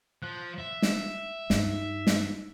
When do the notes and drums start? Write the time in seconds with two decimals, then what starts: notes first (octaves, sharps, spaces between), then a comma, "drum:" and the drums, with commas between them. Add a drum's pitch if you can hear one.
0.23 F3 F#6
0.59 E5
0.82 drum: snare
1.50 G2 D#4, drum: snare
2.07 drum: snare